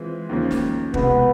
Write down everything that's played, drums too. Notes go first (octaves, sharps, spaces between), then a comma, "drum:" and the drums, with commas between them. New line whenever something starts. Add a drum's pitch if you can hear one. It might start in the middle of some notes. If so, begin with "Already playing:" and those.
Already playing: E3 G#3 C4 F4
D#2 C#3 F3 A#3
drum: snare
C2 B2 G#3 B3, drum: kick